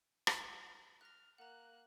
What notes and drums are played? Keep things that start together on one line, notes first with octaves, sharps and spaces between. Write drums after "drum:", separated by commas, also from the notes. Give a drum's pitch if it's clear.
drum: rim click
F6 F#6 A#6
A#3 F#5 A#5 F#6